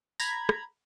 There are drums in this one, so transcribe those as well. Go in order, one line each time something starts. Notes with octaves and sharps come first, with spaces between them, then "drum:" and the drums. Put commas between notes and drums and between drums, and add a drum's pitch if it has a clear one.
A#5 B5 G#6, drum: tambourine
drum: rim click